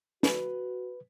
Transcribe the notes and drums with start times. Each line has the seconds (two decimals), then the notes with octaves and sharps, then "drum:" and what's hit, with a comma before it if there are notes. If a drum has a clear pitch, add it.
0.23 F#4 B4, drum: snare